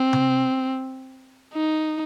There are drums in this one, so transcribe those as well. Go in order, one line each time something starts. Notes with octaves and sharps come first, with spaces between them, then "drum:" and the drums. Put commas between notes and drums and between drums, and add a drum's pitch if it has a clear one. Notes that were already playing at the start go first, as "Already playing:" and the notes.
Already playing: C4
drum: tom C3
D#4